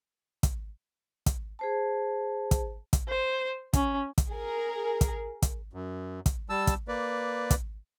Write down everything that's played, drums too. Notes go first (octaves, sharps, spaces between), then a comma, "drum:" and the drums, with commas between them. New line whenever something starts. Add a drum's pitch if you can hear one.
drum: kick, hi-hat
drum: kick, hi-hat
G#4 C5 A5
drum: kick, hi-hat
drum: kick, hi-hat
C5
C#4, drum: kick, hi-hat
drum: kick, hi-hat
G#4 A#4
drum: kick, hi-hat
drum: kick, hi-hat
F#2
drum: kick, hi-hat
G3 A5 E6
drum: kick, hi-hat
A#3 B4 D5
drum: kick, hi-hat